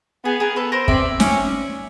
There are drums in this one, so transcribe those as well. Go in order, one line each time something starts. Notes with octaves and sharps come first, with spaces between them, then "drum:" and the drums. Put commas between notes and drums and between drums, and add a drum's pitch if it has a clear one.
B3 G#4
G#4 A#4
A4 B4
A#4 C5
C4 D5 E5, drum: kick
C#4, drum: snare